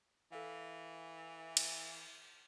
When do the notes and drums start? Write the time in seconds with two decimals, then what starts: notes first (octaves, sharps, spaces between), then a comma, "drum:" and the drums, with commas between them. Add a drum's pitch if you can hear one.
0.32 E3 A4 F5
1.57 drum: cymbal